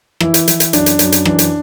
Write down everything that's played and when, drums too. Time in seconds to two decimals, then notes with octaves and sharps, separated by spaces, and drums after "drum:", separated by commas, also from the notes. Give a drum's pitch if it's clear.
0.20 E3 E4, drum: rim click
0.34 drum: hi-hat
0.48 E3, drum: hi-hat
0.60 drum: hi-hat
0.73 F#2 D4, drum: hi-hat
0.86 drum: hi-hat
0.99 F#2, drum: hi-hat
1.12 drum: hi-hat
1.25 E3 D4, drum: rim click
1.39 drum: hi-hat